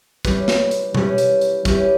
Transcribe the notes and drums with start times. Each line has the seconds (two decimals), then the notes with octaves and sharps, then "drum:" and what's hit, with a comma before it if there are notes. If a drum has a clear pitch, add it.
0.25 G3 C#4 E4 G4 B4, drum: kick, hi-hat
0.48 drum: snare
0.71 drum: hi-hat
0.95 G3 C#4 E4 G4 B4, drum: tom B2
1.18 drum: hi-hat
1.41 drum: hi-hat
1.65 G3 C#4 E4 G4 B4, drum: kick, hi-hat